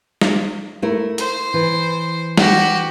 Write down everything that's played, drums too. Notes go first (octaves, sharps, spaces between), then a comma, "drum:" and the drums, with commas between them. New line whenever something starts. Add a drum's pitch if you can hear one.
drum: snare
A3 E4 A#4
C5, drum: hi-hat
E3
F#4 G4, drum: snare